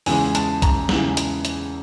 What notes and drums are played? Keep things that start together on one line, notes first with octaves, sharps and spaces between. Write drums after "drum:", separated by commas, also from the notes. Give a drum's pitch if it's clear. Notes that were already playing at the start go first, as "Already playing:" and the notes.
E2 C#3 E3 G#3 G#5, drum: open hi-hat
A5, drum: hi-hat
A#5, drum: kick B1, hi-hat
E2 C#3 E3 G#3, drum: snare
drum: hi-hat
drum: hi-hat